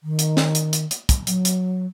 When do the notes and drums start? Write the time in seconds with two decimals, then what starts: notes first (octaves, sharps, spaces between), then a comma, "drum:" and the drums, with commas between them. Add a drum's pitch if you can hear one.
0.03 D#3
0.19 drum: hi-hat
0.37 drum: snare
0.55 drum: hi-hat
0.73 drum: hi-hat
0.91 drum: hi-hat
1.09 drum: kick, hi-hat
1.27 F#3, drum: hi-hat
1.45 drum: hi-hat